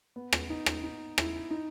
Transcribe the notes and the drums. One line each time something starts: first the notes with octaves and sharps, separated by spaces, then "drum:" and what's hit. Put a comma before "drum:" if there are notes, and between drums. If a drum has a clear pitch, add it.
B3
drum: rim click
D#4
drum: rim click
D#4
E4, drum: rim click
D#4